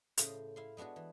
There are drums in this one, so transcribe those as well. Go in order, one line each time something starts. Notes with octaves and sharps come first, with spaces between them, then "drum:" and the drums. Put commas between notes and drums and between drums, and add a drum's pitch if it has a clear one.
A2 C#3 C5 D#5 E5, drum: hi-hat
E4 F5 C6
G#3 B3 D4 F#4 G#4
E3